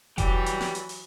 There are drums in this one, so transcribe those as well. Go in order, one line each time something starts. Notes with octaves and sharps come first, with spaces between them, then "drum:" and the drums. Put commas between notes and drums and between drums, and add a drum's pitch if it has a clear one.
E3 F#3 G4 D5 G5, drum: kick F1, hi-hat
drum: hi-hat
drum: snare
drum: hi-hat
drum: open hi-hat